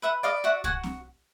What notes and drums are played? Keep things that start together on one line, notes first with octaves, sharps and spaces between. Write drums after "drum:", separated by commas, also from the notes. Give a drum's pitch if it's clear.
B4 E5 F#5
D5 D#5 F5
F#4 E5 F#5
F#4 F#5 G#5, drum: kick C2
drum: snare C4